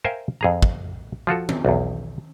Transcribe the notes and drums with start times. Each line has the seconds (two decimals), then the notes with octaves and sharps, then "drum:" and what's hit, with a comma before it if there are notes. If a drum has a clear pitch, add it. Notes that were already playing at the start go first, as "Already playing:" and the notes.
0.04 A#4 C5 E5 F5 G5 G#5
0.41 F2 G#4 A#5
0.62 drum: kick
1.27 F3 F4 F#4 A4
1.49 drum: tom
1.65 B1 E2